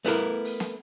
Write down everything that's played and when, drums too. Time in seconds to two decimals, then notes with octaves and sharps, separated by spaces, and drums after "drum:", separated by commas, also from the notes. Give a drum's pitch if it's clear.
0.05 A3 B3 E4 A#4
0.45 drum: open hi-hat
0.60 drum: snare